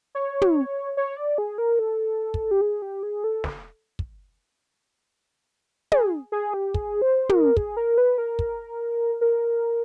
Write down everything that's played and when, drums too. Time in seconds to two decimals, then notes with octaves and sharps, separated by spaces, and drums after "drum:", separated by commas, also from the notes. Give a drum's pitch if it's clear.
0.15 C#5
0.42 drum: tom
0.97 C#5
1.17 D5
1.38 G#4
1.58 A#4
1.79 A4
2.34 drum: kick
2.51 G4
2.61 G#4
2.82 G4
3.03 G#4
3.24 A4
3.44 drum: snare
3.99 drum: kick
5.92 G#4, drum: tom
6.32 G#4
6.54 G4
6.74 G#4, drum: kick
7.02 C5
7.29 A#4, drum: tom
7.57 G#4, drum: kick
7.77 A#4
7.98 B4
8.18 A#4
8.39 drum: kick
9.21 A#4